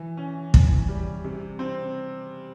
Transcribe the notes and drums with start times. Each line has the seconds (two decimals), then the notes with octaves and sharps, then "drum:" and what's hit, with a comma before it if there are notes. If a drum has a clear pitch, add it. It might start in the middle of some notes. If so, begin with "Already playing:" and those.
Already playing: E3
0.17 C#4
0.54 E3, drum: kick
0.88 G3
1.24 C3
1.59 C4